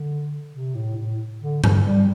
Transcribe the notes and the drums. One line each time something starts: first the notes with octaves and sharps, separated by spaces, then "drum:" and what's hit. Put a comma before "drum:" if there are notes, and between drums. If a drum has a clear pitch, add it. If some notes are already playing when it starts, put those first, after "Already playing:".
Already playing: D3
C3
A2
A2
D3
D3, drum: tom G2
G3